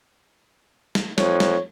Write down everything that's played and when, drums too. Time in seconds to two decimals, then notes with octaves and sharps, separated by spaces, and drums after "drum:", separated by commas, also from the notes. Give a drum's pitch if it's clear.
0.95 drum: snare
1.18 F2 C#5, drum: snare
1.40 drum: snare